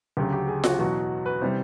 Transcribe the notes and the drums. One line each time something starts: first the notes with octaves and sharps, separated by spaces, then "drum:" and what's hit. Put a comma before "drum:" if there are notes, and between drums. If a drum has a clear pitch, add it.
D2 C#3 F#3 G4
G4
G#4
F#4, drum: snare F4
E2 B2 F#3 F#4
B4
C3 E3 G3 C5